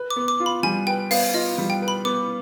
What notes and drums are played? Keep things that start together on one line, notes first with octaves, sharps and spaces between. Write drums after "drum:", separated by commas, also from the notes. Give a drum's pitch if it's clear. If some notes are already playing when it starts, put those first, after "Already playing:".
Already playing: B4
D6
B3
D6
F4
B5
G3 G#5
B4 G5
B3 F5, drum: open hi-hat
F4 D#5
G3
G5
B4
B5
B3 D6